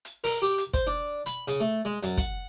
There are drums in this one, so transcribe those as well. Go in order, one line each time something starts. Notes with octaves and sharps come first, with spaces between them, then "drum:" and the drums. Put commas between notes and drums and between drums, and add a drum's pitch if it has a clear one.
drum: hi-hat
A#4, drum: open hi-hat
G4
drum: hi-hat
C5, drum: kick, hi-hat
D4
B5, drum: hi-hat
C#3, drum: hi-hat
A3
G#3
F#2, drum: hi-hat
F#5, drum: kick, hi-hat